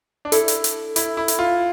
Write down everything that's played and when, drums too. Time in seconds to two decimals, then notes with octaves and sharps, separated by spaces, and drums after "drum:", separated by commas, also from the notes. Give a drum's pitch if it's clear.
0.25 D4
0.32 E4 A4, drum: hi-hat
0.48 drum: hi-hat
0.64 drum: hi-hat
0.96 E4, drum: hi-hat
1.17 E4
1.28 drum: hi-hat
1.39 F4